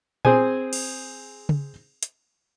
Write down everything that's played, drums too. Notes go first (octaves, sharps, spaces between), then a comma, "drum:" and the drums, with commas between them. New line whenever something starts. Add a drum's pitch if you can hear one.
C4 G#4 C5 G#5, drum: tom A#2
drum: cymbal
drum: tom C#3
drum: hi-hat